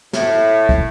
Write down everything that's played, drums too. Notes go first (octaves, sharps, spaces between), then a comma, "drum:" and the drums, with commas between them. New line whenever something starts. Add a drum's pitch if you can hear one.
A2 E5, drum: snare
drum: kick